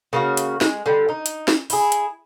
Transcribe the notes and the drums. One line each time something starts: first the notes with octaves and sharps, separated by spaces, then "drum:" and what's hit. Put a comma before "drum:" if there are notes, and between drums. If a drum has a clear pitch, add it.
C#3 A#3 F#4
drum: hi-hat
G#3, drum: snare
D3 G3
D#4
drum: hi-hat
drum: snare
E4 G#4, drum: open hi-hat
drum: hi-hat